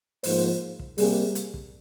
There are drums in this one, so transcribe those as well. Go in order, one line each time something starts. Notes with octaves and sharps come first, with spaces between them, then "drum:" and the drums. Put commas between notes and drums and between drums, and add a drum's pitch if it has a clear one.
G#2 F3 A#3 C5, drum: open hi-hat
drum: kick
C3 G3 A#3 G#4, drum: open hi-hat
drum: hi-hat
drum: kick